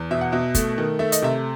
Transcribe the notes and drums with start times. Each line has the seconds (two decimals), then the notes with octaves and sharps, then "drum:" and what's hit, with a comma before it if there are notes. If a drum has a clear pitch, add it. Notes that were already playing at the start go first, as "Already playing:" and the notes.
Already playing: E2
0.11 B2 E5
0.21 F#5
0.32 B2 E5
0.55 A3, drum: kick, hi-hat
0.78 D#3
0.99 A3 E5
1.12 D#5, drum: hi-hat
1.22 C3 E5